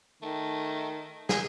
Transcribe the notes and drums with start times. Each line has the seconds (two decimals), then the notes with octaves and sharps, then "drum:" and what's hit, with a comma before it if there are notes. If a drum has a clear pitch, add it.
0.22 D#3 A3
1.29 G#4, drum: snare